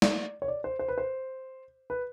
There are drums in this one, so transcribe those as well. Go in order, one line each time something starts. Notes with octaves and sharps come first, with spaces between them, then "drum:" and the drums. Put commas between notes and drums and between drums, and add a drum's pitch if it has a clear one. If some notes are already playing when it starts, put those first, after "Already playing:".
D5, drum: snare
C#5
D5
C5
C5
B4
C5
B4